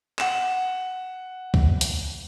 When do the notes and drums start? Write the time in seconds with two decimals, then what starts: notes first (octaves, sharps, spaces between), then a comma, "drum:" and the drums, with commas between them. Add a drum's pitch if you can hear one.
0.19 F#5 E7, drum: clap
1.54 drum: kick
1.81 drum: hi-hat